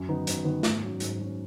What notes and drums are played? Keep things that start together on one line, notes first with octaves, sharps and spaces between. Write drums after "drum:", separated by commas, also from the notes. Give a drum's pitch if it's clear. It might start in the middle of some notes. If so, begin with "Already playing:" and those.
Already playing: F#2
D#3 B3 D#4
F#2, drum: hi-hat
D#3 B3 D#4
G#2, drum: snare
F#3 C#4
G#2, drum: hi-hat
F#3 C#4